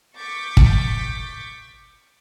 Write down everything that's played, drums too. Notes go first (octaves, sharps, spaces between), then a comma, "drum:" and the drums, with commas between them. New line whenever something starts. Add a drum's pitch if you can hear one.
C#6 D6 G6 A6 B6
drum: kick